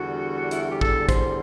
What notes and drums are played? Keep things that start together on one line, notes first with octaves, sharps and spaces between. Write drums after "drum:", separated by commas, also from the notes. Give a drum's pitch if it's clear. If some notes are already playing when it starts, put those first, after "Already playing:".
Already playing: E2 D3 G3 F#4
D4
E4, drum: hi-hat
F#4
G4
A4, drum: kick
C5, drum: kick, hi-hat